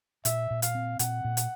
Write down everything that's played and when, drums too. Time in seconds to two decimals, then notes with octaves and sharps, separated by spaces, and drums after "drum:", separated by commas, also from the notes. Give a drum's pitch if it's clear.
0.25 A#2 E5, drum: hi-hat
0.50 A#2
0.62 F5, drum: hi-hat
0.75 C4
0.99 A#2 F#5, drum: hi-hat
1.24 A#2
1.37 drum: hi-hat